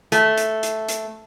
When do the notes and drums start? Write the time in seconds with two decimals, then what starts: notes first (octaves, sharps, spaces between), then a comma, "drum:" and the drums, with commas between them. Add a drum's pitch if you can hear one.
0.12 A3, drum: hi-hat
0.38 drum: hi-hat
0.63 drum: hi-hat
0.88 drum: hi-hat